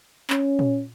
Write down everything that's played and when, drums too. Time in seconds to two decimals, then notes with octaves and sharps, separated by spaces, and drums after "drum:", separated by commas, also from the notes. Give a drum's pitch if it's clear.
0.30 C#4, drum: clap
0.59 drum: tom A#2